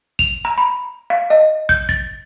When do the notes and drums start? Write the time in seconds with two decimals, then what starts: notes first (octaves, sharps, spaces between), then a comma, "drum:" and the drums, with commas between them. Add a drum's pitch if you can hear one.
0.19 F7, drum: kick
0.45 A#5
0.58 B5
1.10 F5
1.30 D#5
1.69 G6, drum: kick
1.89 A6, drum: kick